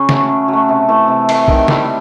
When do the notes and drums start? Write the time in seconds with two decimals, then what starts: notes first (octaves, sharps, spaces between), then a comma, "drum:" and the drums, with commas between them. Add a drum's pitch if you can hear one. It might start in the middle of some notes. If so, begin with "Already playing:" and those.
Already playing: C#3 C#4
0.09 F#3 A3, drum: snare
0.29 C#3
0.48 F#3
0.53 A3
0.69 C3
0.88 E3 A3
1.08 C3
1.29 E3 A3, drum: cymbal
1.48 D#3, drum: kick B1
1.68 G3 C4 E4, drum: snare